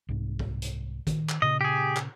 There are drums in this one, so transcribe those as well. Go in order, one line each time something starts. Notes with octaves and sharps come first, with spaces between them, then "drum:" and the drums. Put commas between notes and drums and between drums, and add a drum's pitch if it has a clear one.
C2 G#2
drum: kick
drum: hi-hat
D#3, drum: kick, hi-hat
drum: clap
A#2 C#3 D#5
G4 G#4
drum: clap